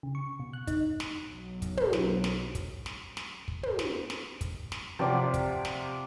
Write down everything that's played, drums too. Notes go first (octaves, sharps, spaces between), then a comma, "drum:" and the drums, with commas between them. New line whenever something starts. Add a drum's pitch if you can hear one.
C#3
C#6
B2
F#6
D#4, drum: kick, hi-hat
drum: snare
B1 F#3
drum: kick, hi-hat
drum: tom
drum: snare
drum: snare
drum: kick, hi-hat
drum: snare
drum: snare
drum: kick
drum: tom
drum: snare
drum: snare
drum: kick, hi-hat
drum: snare
C3 F3 C4 D5 F#5
drum: kick, hi-hat
drum: snare